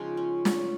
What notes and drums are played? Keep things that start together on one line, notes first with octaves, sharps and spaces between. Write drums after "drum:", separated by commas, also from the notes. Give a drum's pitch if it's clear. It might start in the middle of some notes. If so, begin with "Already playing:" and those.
Already playing: C#3 F3 G#3 D#4 F4
C#4
C#4, drum: snare